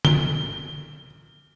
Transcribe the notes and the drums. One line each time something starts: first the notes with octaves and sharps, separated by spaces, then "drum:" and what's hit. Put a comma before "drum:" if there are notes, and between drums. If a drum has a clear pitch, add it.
G7, drum: tom